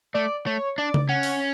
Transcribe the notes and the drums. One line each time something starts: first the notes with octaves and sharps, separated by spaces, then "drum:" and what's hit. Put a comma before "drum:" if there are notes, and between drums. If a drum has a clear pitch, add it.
A3 D5
A3 C#5
D4 D5
drum: tom C#3
C#4 F#5
drum: open hi-hat